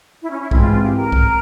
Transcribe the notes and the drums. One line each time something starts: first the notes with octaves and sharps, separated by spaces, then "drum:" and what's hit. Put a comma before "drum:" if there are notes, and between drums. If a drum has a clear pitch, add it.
E4
C#4
E4
G#2 E3 G#3 C4 E4, drum: kick B1
F4
F4
G4
A#4
drum: kick B1